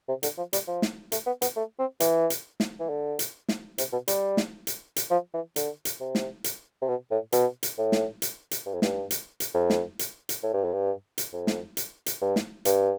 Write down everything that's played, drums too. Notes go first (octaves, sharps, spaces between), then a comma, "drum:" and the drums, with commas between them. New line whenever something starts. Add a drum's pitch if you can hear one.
C3
D3, drum: hi-hat
F3
G3, drum: hi-hat
F3
drum: snare
A3, drum: hi-hat
B3
B3, drum: hi-hat
A3
C4
E3, drum: hi-hat
drum: hi-hat
drum: snare
E3
D3
drum: hi-hat
drum: snare
C3, drum: hi-hat
B2
G3, drum: hi-hat
drum: snare
drum: hi-hat
drum: hi-hat
F3
E3
D3, drum: hi-hat
drum: hi-hat
C3
drum: snare
drum: hi-hat
C3
B2
A2
B2, drum: hi-hat
drum: hi-hat
A2
drum: snare
drum: hi-hat
drum: hi-hat
G2
F2
G2, drum: snare
drum: hi-hat
drum: hi-hat
F2
drum: snare
drum: hi-hat
drum: hi-hat
A2
G2
F2
G2
drum: hi-hat
F2
drum: snare
drum: hi-hat
drum: hi-hat
G2
drum: snare
G2, drum: hi-hat